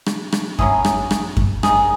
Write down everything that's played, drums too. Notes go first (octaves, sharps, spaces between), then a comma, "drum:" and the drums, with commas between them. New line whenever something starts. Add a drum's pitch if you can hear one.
drum: rim click
drum: rim click
F#3 C#4 E4 G#4, drum: kick F#2
drum: rim click
drum: rim click
drum: kick F#2
D#3 G#3 C#4 G#4, drum: rim click